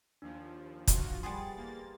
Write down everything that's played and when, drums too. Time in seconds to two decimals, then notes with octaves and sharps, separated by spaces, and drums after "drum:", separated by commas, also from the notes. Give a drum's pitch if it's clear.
0.22 D#2 F3 D4
0.87 F3 F4 F#4, drum: kick, hi-hat
1.23 G3 B3 G#4 G#5 C6 A6
1.57 E2 A#3 A6